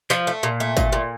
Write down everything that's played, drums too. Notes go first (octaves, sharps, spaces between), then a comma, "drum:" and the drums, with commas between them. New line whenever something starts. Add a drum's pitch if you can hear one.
F3, drum: clap
A3
A#2
A3
A#2, drum: kick, tambourine
A#2